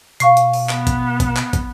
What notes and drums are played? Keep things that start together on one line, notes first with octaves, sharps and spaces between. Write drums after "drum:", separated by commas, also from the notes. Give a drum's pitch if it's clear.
B2 F5 C#6 C7, drum: hi-hat
drum: hi-hat
drum: open hi-hat
B3, drum: clap
drum: kick, hi-hat
drum: kick, hi-hat
drum: clap
drum: kick, hi-hat